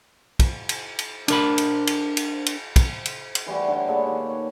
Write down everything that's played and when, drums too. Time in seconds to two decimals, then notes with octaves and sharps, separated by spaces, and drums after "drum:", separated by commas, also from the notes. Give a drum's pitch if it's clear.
0.39 drum: kick, cymbal
0.69 drum: cymbal
0.99 drum: cymbal
1.28 D4 A#4 B5, drum: cymbal
1.58 drum: cymbal
1.87 drum: cymbal
2.17 drum: cymbal
2.46 drum: cymbal
2.76 drum: kick, cymbal
3.05 drum: cymbal
3.35 drum: cymbal
3.46 E3 G3 A3 F#4
3.68 D3 C#5
3.87 A#2 G#3 A4 B4
4.05 D#3 G4
4.29 C#5